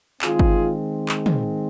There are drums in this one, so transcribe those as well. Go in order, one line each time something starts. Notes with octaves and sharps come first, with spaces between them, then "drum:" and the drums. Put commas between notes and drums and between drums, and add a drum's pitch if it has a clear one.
D#3 G#3 C4 F4 G#4, drum: clap
drum: kick G1
drum: clap
drum: tom